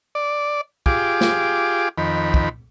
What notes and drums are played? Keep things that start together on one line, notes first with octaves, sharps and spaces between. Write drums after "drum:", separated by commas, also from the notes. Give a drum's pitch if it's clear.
D5
F4 G4 G#4 D6, drum: kick
drum: snare
F2 D#3 B5
drum: kick